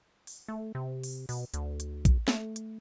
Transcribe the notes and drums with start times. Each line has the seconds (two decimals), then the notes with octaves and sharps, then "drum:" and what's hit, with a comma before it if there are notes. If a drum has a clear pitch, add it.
0.27 drum: open hi-hat
0.48 A3
0.75 C3
1.04 drum: open hi-hat
1.29 B2, drum: open hi-hat
1.54 D2, drum: hi-hat
1.80 drum: hi-hat
2.05 drum: kick, hi-hat
2.28 A3, drum: snare
2.56 drum: hi-hat